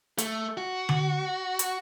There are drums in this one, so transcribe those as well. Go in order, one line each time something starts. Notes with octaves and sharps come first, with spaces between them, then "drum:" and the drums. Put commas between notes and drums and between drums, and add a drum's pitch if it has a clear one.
A3, drum: hi-hat
F#4
drum: tom D3
drum: hi-hat